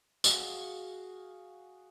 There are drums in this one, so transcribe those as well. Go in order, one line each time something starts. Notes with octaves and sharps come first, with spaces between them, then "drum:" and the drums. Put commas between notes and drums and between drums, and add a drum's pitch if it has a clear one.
F#4 G#4 F5 F#5, drum: tambourine